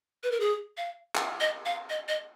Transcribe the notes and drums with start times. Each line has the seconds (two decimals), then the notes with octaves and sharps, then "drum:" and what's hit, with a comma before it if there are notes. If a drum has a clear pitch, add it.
0.23 B4
0.31 A#4
0.40 G#4
0.77 F5
1.15 drum: clap
1.40 D#5
1.66 F5
1.90 D#5
2.08 D#5